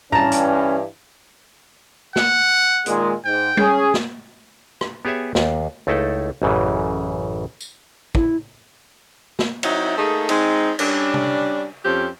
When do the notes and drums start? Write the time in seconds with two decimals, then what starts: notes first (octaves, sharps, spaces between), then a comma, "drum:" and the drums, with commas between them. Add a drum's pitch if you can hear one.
0.12 G2 E3 C#4 A5 A#5, drum: tom G#2
0.32 drum: hi-hat
2.16 F#5, drum: snare
2.86 A#2 D#3 G#3, drum: hi-hat
3.25 G#2 G5
3.57 C#4 G#4, drum: tom G3
3.94 drum: snare
4.81 drum: rim click
5.05 B3 G4 G#4 C#5 E5 G#5
5.35 D#2, drum: snare
5.87 C#2 A3 D#4 E4 A4
6.42 A1 F#2 C#3 E3
7.61 drum: tambourine
8.15 E4, drum: kick
9.39 drum: snare
9.63 F#3 C4 D#4 E4, drum: cymbal
9.97 A3 A#3 D#4 G#4
10.29 G#3 C4 D#4, drum: cymbal
10.79 G3 C#4 D4, drum: cymbal
11.14 drum: tom C3
11.84 F2 F3 C4 C#4 G4